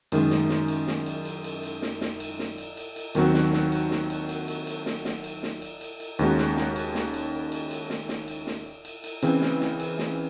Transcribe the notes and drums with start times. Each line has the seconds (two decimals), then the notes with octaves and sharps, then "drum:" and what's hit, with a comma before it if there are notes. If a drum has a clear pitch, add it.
0.12 F#2 D#3 G#3, drum: cymbal
0.30 drum: snare
0.49 drum: snare
0.68 drum: cymbal
0.87 drum: snare
1.06 drum: cymbal
1.25 drum: cymbal
1.44 drum: cymbal
1.63 drum: cymbal
1.82 drum: snare
2.01 drum: snare
2.20 drum: cymbal
2.39 drum: snare
2.58 drum: cymbal
2.77 drum: cymbal
2.96 drum: cymbal
3.15 D#2 D#3 F#3 C4 F#4, drum: cymbal
3.34 drum: snare
3.53 drum: snare
3.72 drum: cymbal
3.91 drum: snare
4.10 drum: cymbal
4.29 drum: cymbal
4.48 drum: cymbal
4.67 drum: cymbal
4.86 drum: snare
5.05 drum: snare
5.24 drum: cymbal
5.43 drum: snare
5.62 drum: cymbal
5.81 drum: cymbal
6.00 drum: cymbal
6.19 D#2 C#3 G#3 D#4 F#4, drum: cymbal
6.38 drum: snare
6.57 drum: snare
6.76 drum: cymbal
6.95 drum: snare
7.14 drum: cymbal
7.52 drum: cymbal
7.71 drum: cymbal
7.90 drum: snare
8.09 drum: snare
8.28 drum: cymbal
8.47 drum: snare
8.85 drum: cymbal
9.04 drum: cymbal
9.22 C#3 E3 C4, drum: cymbal
9.42 drum: snare
9.61 drum: snare
9.80 drum: cymbal
9.99 drum: snare